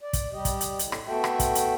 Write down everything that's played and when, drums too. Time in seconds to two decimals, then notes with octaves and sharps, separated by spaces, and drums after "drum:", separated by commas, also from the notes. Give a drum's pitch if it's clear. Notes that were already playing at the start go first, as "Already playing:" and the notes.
0.01 D5
0.13 drum: kick, hi-hat
0.33 G3 G4 D#5
0.45 drum: kick, hi-hat
0.61 drum: hi-hat
0.79 A2, drum: hi-hat
0.92 drum: rim click
1.08 A3 B3 F#4 A4 E5 G5
1.24 drum: rim click
1.39 drum: kick, hi-hat
1.55 drum: hi-hat